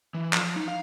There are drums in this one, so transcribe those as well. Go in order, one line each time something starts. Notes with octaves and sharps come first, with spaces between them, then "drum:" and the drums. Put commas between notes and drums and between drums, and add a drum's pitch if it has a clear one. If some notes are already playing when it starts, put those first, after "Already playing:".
E3
F3, drum: clap
D#4
F5